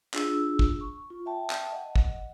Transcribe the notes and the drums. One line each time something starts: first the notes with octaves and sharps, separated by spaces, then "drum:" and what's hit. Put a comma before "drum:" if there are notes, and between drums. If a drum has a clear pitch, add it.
D4 F4 G#4 E6, drum: clap
drum: kick
C#6
F4
E5 G5 A5
drum: clap
D#5 F#5
drum: kick